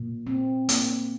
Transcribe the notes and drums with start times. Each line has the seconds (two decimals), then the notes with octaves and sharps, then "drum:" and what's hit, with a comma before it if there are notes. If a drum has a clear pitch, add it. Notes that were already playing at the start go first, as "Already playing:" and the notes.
Already playing: A#2
0.27 C4
0.69 A#3, drum: hi-hat